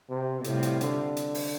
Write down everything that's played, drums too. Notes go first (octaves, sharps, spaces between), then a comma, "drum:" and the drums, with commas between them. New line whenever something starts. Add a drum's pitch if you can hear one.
C3
A2 C3 G3 C4 F4, drum: hi-hat
drum: hi-hat
D3, drum: hi-hat
drum: hi-hat
drum: open hi-hat